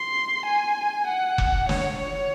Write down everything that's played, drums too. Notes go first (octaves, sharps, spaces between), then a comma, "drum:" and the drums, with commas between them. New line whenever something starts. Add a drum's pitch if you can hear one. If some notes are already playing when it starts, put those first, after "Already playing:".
Already playing: C6
G#5
F#5
drum: kick F1
C#5, drum: snare
C#5